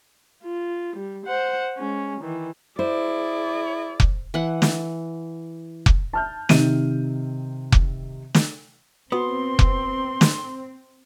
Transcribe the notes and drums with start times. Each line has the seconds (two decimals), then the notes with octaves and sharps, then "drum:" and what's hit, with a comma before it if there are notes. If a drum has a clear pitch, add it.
0.43 F4
0.97 G3
1.26 C5 F#5
1.78 G#3 C#4
2.21 D#3 E3
2.79 E4 G#4 C5 D5
4.00 drum: kick F1
4.34 E3 F#5
4.62 drum: snare
5.86 drum: kick F1
6.13 A5 F6 G6
6.49 C3 D#3 D#7, drum: snare
7.72 drum: kick F1
8.34 drum: snare
9.12 B3 C4 F#4 C6 D#6
9.59 drum: kick F1
10.21 drum: snare